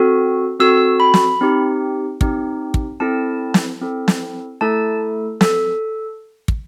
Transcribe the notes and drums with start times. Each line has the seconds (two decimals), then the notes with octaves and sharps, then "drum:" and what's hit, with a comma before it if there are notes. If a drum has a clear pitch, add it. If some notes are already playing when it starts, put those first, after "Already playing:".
Already playing: C4 F#4 A4
0.60 C4 F#4 A4 E6
1.00 B5
1.14 drum: snare
1.41 C4 D#4 G4
2.21 C4 D#4 G4, drum: kick
2.74 drum: kick
3.00 C4 E4 A4 A5
3.54 drum: snare
3.81 C4 E4 A4
4.08 drum: snare
4.61 A3 E4 A4 A5
5.41 A4, drum: snare
6.48 drum: kick